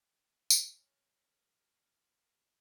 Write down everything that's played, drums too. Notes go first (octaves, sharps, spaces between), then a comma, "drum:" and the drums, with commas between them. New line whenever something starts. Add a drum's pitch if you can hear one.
A#4 C#5 G#5, drum: tambourine